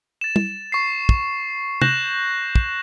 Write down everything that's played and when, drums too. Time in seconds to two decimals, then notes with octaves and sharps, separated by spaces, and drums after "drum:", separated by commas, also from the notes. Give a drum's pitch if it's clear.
0.21 A6 E7
0.36 drum: tom
0.72 C#6 C7
1.09 drum: kick
1.81 F#6 G6 A#6 E7 F#7, drum: tom
2.55 drum: kick